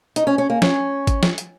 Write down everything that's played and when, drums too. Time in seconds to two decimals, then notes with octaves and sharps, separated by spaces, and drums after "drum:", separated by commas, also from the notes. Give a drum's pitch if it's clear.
0.16 D#4, drum: hi-hat
0.27 C#4
0.38 C#4
0.50 A#3
0.62 C#4, drum: snare
1.07 drum: kick G#1, hi-hat
1.23 drum: snare
1.38 drum: hi-hat